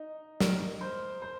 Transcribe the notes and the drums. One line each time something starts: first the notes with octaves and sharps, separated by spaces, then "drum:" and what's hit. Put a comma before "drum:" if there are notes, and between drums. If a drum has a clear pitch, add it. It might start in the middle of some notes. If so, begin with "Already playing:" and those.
Already playing: D#4
A#4, drum: snare
C5
C5